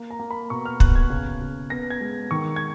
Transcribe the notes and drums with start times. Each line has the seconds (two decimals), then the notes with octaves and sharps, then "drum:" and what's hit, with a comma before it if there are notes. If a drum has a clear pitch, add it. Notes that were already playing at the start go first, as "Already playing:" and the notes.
Already playing: A#3
0.11 A#5
0.20 A#3
0.31 B5
0.50 B2 C#6
0.65 F6
0.80 B2 F#6, drum: kick
0.96 G#6
1.10 C#3
1.41 C#3
1.70 B3 A#6
1.90 G#6
2.01 G#3
2.31 D#3 C#6
2.56 G#6